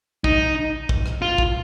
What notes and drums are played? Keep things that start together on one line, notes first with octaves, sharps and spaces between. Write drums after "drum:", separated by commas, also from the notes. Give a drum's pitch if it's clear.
D#4, drum: kick
drum: kick
drum: rim click
F4
drum: kick